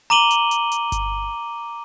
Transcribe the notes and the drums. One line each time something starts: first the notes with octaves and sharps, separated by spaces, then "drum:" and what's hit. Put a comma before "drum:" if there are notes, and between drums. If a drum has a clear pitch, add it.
A#5 D6 D#7 F#7 G7
drum: hi-hat
drum: hi-hat
drum: hi-hat
drum: kick G1, hi-hat